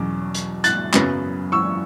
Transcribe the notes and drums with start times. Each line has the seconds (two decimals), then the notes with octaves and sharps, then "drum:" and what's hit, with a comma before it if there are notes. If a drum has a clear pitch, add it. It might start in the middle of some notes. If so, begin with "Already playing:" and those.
Already playing: E2 B2 F#3 C#4 D6
0.34 drum: hi-hat
0.64 F#6 A6, drum: hi-hat
0.94 F#2 C#3 F#3 B3, drum: clap
1.52 C#6 E6